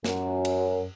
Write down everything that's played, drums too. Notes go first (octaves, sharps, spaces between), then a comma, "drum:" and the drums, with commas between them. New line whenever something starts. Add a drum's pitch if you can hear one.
F#2, drum: snare
drum: cymbal